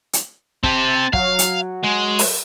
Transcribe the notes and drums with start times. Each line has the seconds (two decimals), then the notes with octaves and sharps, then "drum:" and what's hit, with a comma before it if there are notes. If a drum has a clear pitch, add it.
0.13 drum: hi-hat
0.64 C4 G4 A5, drum: kick
1.13 F#3 F5, drum: kick
1.39 drum: hi-hat
1.83 G#3
2.19 drum: open hi-hat